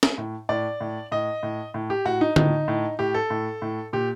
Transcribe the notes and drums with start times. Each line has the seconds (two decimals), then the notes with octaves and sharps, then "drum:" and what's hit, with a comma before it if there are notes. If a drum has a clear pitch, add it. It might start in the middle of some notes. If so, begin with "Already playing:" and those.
0.03 drum: snare
0.18 A2
0.49 A2 D5
0.81 A2
1.12 A2 D#5
1.43 A2
1.74 A2
1.90 G4
2.05 A2 F#4
2.21 D#4
2.36 A2 D#4, drum: tom D3
2.68 A2
2.99 A2 G4
3.14 A4
3.30 A2
3.62 A2
3.93 A#2 G4